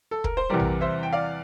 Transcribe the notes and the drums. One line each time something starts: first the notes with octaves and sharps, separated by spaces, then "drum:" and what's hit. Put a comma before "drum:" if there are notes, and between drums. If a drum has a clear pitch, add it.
A4
A#4, drum: kick
C5
E2 C3 E3 G3 A#4 D5
drum: tom A#1
C5 E5
G5
D5 F5